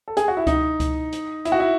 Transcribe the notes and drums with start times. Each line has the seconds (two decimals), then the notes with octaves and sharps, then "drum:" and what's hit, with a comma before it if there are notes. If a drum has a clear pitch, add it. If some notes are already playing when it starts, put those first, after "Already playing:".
0.08 A4
0.17 G#4, drum: hi-hat
0.28 F#4
0.37 E4
0.47 D#4, drum: kick C#2, hi-hat
0.80 drum: kick C#2, hi-hat
1.13 drum: hi-hat
1.45 E4, drum: hi-hat
1.52 F#4
1.60 E4